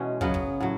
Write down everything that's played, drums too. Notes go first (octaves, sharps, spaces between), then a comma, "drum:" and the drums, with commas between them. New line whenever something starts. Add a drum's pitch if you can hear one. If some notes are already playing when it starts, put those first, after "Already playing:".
Already playing: B2 E3 G#3 C#4
C#3 F#3 B3, drum: kick
drum: kick
A2 F#3